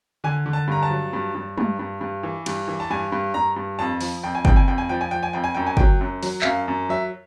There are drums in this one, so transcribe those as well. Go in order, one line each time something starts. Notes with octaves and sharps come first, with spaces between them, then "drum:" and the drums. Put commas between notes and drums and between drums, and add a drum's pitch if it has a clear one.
D3 G#5
D3
A5
G2 A#5
A5
F#3
G2
G2
G2, drum: tom
G2
G2
E3
G2, drum: cymbal
E3
A5
G2 G#5
G2
G2 A#5
G2
F2 A5
F3, drum: open hi-hat
F2 G5
G#5
F2 G5, drum: kick
G#5
F2 G5
G#5
F3 G5
G#5
F3 G5
G#5
F2 G5
G#5
F#2 G5
G#5
F#3 G5, drum: kick
F#2
F#3, drum: open hi-hat
E5, drum: clap
F#2 F5
F#2
F#3 E5